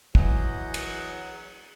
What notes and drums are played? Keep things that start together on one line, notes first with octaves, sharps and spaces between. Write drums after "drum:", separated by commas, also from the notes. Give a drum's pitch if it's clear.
E3 F#3 G#4 D#5 F#5 G6, drum: kick
drum: cymbal